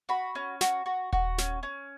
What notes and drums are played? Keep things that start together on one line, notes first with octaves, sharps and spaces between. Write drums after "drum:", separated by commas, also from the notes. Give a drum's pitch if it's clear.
F#4 B5
C#4
F#4, drum: snare
F#4
F#4, drum: kick D#1
C#4, drum: snare
C#4